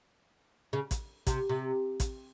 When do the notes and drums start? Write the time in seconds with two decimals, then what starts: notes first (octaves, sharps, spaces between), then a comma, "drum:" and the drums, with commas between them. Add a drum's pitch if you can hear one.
0.73 C#3
0.91 drum: kick A1, hi-hat
1.27 C3, drum: kick A1, hi-hat
1.49 C3
2.00 drum: kick A1, hi-hat